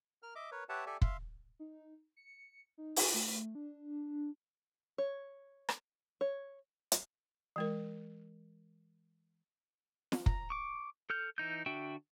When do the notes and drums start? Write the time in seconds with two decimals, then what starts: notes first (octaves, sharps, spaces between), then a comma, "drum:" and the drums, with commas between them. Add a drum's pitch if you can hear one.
0.23 A#4 F6
0.35 D#5 E5 D6
0.51 A#4 B4 C#5
0.69 G4 B4 C#5 E5 F#5 A5
0.86 G4 A4 D5 E5 G#5
1.02 E5 F5 C6, drum: kick
1.59 D#4
2.16 C#7
2.78 D#4
2.96 drum: open hi-hat
3.14 A3
3.55 D4
4.98 C#5
5.69 drum: rim click
6.21 C#5
6.92 drum: hi-hat
7.56 E3 G#3 A#4
10.12 drum: snare
10.26 A#5, drum: kick
10.50 C#6 D6
11.10 A4 F6 G6
11.38 E3 D#4 G6
11.66 D3 D4 F#4 E5 G5